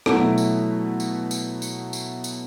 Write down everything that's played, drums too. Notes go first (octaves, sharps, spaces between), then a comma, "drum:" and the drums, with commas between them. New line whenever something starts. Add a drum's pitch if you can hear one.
B2 F#3 A3 E4, drum: rim click
drum: tambourine
drum: tambourine
drum: tambourine
drum: tambourine
drum: tambourine
drum: tambourine